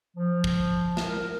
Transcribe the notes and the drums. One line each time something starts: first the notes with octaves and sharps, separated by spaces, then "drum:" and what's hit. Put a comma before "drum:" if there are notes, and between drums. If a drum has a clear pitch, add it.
F3
drum: kick
A#4, drum: snare